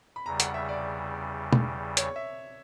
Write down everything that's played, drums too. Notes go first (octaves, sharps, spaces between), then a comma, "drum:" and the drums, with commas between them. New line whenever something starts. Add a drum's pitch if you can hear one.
B5
E2 C#3 G3 A#5
F#5, drum: hi-hat
E5
D5
drum: tom
C#5, drum: hi-hat
E5